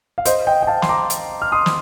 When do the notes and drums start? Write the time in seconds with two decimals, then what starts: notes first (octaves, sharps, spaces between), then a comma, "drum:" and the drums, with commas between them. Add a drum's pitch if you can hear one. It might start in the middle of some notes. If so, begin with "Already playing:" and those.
0.18 F5
0.26 C5 D#5, drum: hi-hat
0.47 D#5 G5
0.63 G5
0.67 F5 A5
0.82 C6, drum: snare
0.89 A#5 D6
1.10 drum: hi-hat
1.42 F6
1.52 C6 D#6
1.66 drum: snare